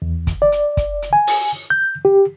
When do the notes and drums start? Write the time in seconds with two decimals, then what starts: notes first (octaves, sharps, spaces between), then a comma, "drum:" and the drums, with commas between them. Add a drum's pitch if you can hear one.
0.02 E2
0.27 drum: kick, hi-hat
0.42 D5
0.52 drum: hi-hat
0.77 drum: kick, hi-hat
1.02 drum: hi-hat
1.13 G#5
1.27 drum: open hi-hat
1.70 G6
2.05 G4